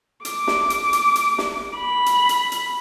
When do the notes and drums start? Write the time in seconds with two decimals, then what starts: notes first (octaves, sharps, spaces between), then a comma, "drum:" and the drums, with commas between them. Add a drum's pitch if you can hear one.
0.25 D6, drum: hi-hat
0.47 drum: snare
0.70 drum: hi-hat
0.93 drum: hi-hat
1.16 drum: hi-hat
1.38 drum: snare
1.76 B5
2.06 drum: hi-hat
2.29 drum: hi-hat
2.52 drum: hi-hat